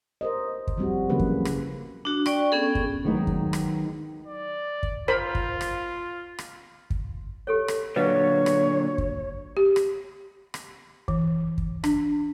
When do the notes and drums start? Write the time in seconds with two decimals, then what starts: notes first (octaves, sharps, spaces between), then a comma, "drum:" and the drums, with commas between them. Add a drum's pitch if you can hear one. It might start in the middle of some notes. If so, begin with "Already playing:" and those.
0.21 A#4 C5 D#5
0.67 drum: kick
0.78 F3 G3 C4 F#4
1.10 C#3 E3 F#3 A#3 G#4 B4
1.19 drum: kick
1.45 drum: rim click
2.05 D4 F#4
2.26 D5 G5 C#6, drum: rim click
2.52 B3 C#4 G#4 A4
2.75 drum: kick
3.04 D#3 F#3 G#3 B3 D#4
3.27 drum: kick
3.53 drum: rim click
4.26 D5
4.83 drum: kick
5.08 F4 A#4 C5 B5
5.35 drum: kick
5.61 drum: rim click
6.39 drum: rim click
6.90 drum: kick
7.47 G4 A4 C#5
7.68 drum: rim click
7.96 A#2 D3 F#3 B4 C#5 D#5 F5
8.46 drum: rim click
8.98 drum: kick
9.57 G4
9.76 drum: rim click
10.54 drum: rim click
11.08 E3, drum: kick
11.58 drum: kick
11.84 D4, drum: rim click